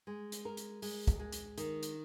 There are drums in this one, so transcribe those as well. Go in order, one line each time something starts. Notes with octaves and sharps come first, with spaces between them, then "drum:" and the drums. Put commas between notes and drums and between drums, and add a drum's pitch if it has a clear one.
G#3
drum: hi-hat
A#4
drum: hi-hat
G#3, drum: open hi-hat
drum: kick, hi-hat
G#3
drum: hi-hat
D#3, drum: hi-hat
drum: hi-hat